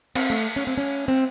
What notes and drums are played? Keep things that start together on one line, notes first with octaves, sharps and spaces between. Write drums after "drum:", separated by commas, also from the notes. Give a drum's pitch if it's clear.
C4, drum: cymbal
A3
C#4
C4
C#4
C4